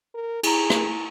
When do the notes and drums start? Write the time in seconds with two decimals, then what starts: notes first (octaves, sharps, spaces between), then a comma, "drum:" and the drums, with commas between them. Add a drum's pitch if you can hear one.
0.14 A#4
0.43 E4 G#4 A#5, drum: cymbal
0.70 drum: rim click